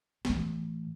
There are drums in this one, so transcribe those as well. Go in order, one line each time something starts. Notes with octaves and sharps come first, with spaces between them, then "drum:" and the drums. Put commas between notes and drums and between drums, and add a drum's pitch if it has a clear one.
A2 E3, drum: snare